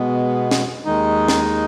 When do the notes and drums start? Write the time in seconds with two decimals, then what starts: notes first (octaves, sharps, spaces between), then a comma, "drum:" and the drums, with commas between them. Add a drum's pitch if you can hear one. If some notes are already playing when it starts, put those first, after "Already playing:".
Already playing: B2 G#3 B3
0.51 drum: snare
0.85 D#2 D#3 G#3 D#4
1.28 drum: snare